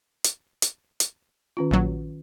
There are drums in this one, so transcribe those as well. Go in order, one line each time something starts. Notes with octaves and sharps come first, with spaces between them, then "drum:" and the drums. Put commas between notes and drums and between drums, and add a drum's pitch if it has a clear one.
drum: hi-hat
drum: hi-hat
drum: hi-hat
D#3 C#4 F4
A#1 F#3